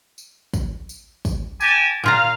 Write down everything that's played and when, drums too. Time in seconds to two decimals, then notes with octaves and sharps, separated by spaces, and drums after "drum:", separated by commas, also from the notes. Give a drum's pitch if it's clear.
0.18 drum: tambourine
0.54 drum: kick, tambourine
0.89 drum: tambourine
1.25 drum: kick, tambourine
1.61 G4 G#5 A5, drum: tambourine
2.04 A#2 F4 F5 A#5